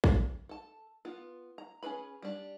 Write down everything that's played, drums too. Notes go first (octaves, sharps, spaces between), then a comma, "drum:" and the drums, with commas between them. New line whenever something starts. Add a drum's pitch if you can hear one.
drum: kick A#1
A4 A5
B3 F4
A#5
C#4 D4 G#4 B4 B5
G3 D4